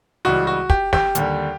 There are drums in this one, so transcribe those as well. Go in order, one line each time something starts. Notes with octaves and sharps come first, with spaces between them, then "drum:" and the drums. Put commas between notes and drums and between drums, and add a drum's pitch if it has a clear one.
C#2 C#3 E3 G3 F#4
F#4
G4, drum: kick
G4, drum: snare
D#2 D3 G3, drum: hi-hat